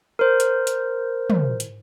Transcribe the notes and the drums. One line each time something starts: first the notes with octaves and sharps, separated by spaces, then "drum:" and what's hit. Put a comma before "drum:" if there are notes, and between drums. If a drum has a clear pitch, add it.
A#4 C5
drum: hi-hat
drum: hi-hat
drum: tom
drum: hi-hat